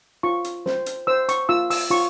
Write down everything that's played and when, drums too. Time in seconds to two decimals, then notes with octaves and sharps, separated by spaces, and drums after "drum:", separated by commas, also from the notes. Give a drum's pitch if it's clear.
0.23 F4 C#6
0.44 drum: hi-hat
0.66 C5, drum: snare
0.86 drum: hi-hat
1.07 C5 E6
1.29 C#6, drum: hi-hat
1.49 F4 E6
1.70 E6, drum: open hi-hat
1.90 F4 C#6